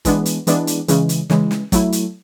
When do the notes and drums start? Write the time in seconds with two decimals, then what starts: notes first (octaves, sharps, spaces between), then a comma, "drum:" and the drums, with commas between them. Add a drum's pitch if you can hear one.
0.05 E3 G#3 B3 D4, drum: kick, hi-hat
0.26 drum: hi-hat
0.47 E3 G#3 B3 D4, drum: hi-hat
0.67 drum: hi-hat
0.88 C#3 E3 G#3, drum: hi-hat
1.09 drum: hi-hat
1.30 C#3 E3 G#3, drum: snare
1.51 drum: snare
1.72 F#3 A3 E4, drum: kick, hi-hat
1.92 drum: hi-hat